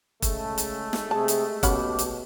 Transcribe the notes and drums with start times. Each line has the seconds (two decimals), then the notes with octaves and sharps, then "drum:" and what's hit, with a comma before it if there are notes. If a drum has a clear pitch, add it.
0.22 C#3 G#3 A3, drum: kick E1, hi-hat
0.58 drum: hi-hat
0.93 drum: snare
1.11 C3 G#4 A5
1.28 drum: hi-hat
1.63 B2 C#4 G4 F#5 B5, drum: kick E1, hi-hat
1.99 drum: hi-hat